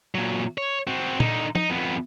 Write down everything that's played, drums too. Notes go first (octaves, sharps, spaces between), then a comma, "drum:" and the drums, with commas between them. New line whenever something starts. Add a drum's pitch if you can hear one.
A#2 F#3
C#5
C4 F#4
D3 D#4, drum: tom
D#4, drum: tom
F2 B3